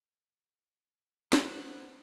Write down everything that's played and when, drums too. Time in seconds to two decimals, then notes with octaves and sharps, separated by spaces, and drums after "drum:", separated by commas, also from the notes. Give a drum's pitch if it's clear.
1.33 B3 C5 F#6, drum: snare